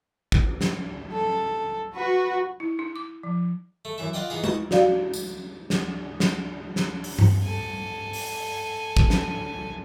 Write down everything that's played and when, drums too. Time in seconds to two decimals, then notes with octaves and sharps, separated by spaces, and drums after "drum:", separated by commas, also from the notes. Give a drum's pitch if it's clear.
0.32 drum: kick
0.61 drum: snare
1.12 A4
1.95 F#4 B4
2.60 E4
2.79 D#4
2.96 D6
3.23 F3
3.85 A3
3.98 F#2 E3 E5
4.13 F4 B4 D5 D#5 F#5 G5
4.30 E3 B3 D#4 G#4
4.44 D#5 A5 C#6 D#6, drum: tom G#3
4.71 F#4 D5 F5, drum: snare
5.14 drum: tambourine
5.70 drum: snare
6.20 drum: snare
6.76 drum: snare
7.04 drum: open hi-hat
7.19 drum: tom G2
7.43 A4 G#5
8.13 drum: open hi-hat
8.97 drum: kick
9.10 drum: snare